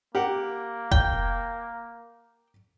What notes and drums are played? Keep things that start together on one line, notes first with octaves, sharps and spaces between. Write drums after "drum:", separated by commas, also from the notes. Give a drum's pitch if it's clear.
A#3 G4 A#4 F#5
G5, drum: kick F1